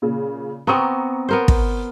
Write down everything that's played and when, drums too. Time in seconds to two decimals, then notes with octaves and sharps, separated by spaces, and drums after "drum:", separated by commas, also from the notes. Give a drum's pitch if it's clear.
0.02 A#2 C#3
0.67 B3 C4 A#5 C#6 D#6
1.29 B3 A#4 C5
1.48 drum: kick